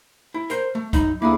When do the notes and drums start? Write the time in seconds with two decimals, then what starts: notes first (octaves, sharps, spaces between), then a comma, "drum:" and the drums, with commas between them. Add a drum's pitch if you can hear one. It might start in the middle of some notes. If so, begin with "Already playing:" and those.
0.34 E4
0.50 A#4 C5, drum: hi-hat
0.75 A3
0.93 F#2 D#4 B5, drum: kick, hi-hat
1.22 D2 A#3 D4 E4 G#4 D6